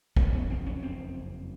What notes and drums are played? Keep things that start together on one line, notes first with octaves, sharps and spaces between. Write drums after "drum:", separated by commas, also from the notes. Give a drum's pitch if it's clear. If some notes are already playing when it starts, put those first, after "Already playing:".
F#1 F2 C#3 A3, drum: kick
B3
C4
C#4
C4